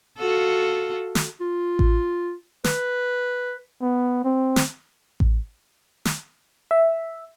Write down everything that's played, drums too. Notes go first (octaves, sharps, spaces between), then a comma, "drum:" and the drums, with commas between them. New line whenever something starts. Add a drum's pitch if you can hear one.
F4 F#4 A4
drum: snare
F4
drum: kick A1
B4, drum: snare
B3
C4
drum: snare
drum: kick A1
drum: snare
E5